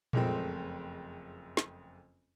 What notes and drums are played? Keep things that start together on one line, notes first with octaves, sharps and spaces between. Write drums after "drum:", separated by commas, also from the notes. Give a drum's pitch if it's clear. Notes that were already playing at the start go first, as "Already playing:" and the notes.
F#1 F2 G#3 A3 C4, drum: tom A#2
drum: snare